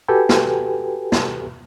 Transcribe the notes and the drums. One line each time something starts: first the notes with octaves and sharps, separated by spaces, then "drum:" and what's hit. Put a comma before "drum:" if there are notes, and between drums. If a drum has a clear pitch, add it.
F#4 G4 A4 B4 G5 G#5
drum: snare
drum: snare